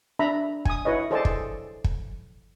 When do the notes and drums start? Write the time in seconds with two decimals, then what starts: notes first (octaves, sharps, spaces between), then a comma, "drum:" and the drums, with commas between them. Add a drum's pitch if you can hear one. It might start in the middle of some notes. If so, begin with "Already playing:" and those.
0.19 D4 E5 A#5 B5
0.65 G#5 D#6, drum: kick
0.85 E4 B4 C#5 D#5
1.11 G#4 A4 C5 D5 D#5 A5
1.25 drum: kick
1.84 drum: kick